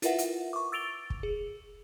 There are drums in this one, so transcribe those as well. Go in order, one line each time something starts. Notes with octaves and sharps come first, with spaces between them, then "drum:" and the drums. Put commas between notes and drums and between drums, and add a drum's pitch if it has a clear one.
E4 F4 A#4 B4 E5 F#5, drum: hi-hat
drum: hi-hat
C#6 D6
E6 A6 D7 F7 G7
drum: kick
G#4